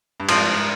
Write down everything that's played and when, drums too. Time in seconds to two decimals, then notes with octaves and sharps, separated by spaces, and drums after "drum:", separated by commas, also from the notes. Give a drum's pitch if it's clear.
0.20 G2
0.29 G#2 F3 C4 F4 A#4, drum: cymbal